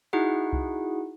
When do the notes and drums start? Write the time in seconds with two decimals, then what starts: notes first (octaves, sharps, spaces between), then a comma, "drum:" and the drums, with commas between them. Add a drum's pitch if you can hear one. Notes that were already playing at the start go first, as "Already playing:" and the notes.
0.13 D#4 E4 F#4 G#4 F#5
0.53 drum: kick C2